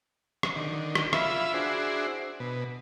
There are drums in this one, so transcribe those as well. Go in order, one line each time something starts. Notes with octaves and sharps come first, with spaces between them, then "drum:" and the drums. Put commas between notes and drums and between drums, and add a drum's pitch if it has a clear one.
drum: rim click
D3 D#3
drum: rim click
E4 F4 E5 B5, drum: rim click
D4 E4 F#4 G#4 C5
B2